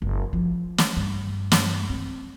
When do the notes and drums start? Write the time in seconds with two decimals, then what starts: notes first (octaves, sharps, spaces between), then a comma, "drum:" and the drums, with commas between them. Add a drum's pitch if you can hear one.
0.02 F#1
0.33 F3
0.78 drum: snare
0.97 G2
1.52 drum: snare
1.90 C4